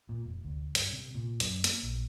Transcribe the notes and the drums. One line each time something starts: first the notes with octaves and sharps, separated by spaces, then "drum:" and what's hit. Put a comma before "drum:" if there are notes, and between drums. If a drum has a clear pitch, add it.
A#2
F1
D2
G2, drum: hi-hat
C3
A#2
F#2, drum: hi-hat
A#3, drum: hi-hat
A#1